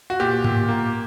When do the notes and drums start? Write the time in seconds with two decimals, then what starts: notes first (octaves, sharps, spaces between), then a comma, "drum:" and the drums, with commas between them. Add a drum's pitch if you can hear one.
0.10 F#4
0.20 A#2 G4
0.44 A#2, drum: tom G#2
0.68 A#3